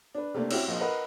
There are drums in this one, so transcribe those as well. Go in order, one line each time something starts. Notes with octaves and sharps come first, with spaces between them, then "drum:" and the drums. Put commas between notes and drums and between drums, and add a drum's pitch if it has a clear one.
D4 B4
C3 A3 A#3 D4
C4 C#4 E4 F#4 G4, drum: cymbal
A#1 D#5
A#4 B4 D#5 F#5